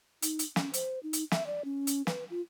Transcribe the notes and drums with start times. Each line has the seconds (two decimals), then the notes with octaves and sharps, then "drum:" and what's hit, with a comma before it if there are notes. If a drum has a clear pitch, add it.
0.22 D#4, drum: hi-hat
0.39 drum: hi-hat
0.56 C#4, drum: snare
0.74 C5, drum: hi-hat
1.03 D#4
1.13 drum: hi-hat
1.32 E5, drum: snare
1.47 D5
1.65 C#4
1.87 drum: hi-hat
2.07 B4, drum: snare
2.30 F4